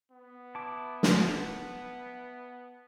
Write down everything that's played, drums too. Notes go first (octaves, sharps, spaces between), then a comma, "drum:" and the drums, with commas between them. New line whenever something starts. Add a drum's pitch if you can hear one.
B3
E4 A5 D6
drum: snare